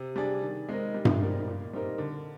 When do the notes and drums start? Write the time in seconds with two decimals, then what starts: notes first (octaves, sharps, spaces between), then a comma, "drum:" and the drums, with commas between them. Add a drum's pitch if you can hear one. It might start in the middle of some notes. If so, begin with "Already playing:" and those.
Already playing: C3
0.16 G3 D4 G#4 D5
0.42 D#3
0.69 G#3 C4 D#4 A#4
0.94 G3
1.05 drum: tom G2
1.21 C4 D#4 A#4 D5
1.47 A#2
1.73 G3 C4 D#4 A#4
1.98 D3